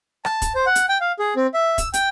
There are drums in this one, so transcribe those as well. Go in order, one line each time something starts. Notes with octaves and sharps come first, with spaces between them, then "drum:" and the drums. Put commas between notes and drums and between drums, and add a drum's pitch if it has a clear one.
A5, drum: rim click
drum: kick, hi-hat
C5
F#5
drum: hi-hat
G5
F5
G#4
C4
E5
E6, drum: kick, hi-hat
G5, drum: hi-hat